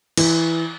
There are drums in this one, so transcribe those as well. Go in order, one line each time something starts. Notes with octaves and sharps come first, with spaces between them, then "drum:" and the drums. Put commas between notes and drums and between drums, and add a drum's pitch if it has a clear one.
E3, drum: cymbal